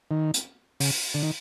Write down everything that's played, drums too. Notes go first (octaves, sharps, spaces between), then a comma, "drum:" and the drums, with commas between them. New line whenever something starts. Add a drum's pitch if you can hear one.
D#3
drum: hi-hat
C#3, drum: open hi-hat
D3
D#3